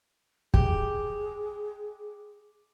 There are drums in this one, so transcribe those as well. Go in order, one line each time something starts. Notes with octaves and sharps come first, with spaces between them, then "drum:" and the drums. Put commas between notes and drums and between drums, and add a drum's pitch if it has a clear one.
G4 G#4, drum: kick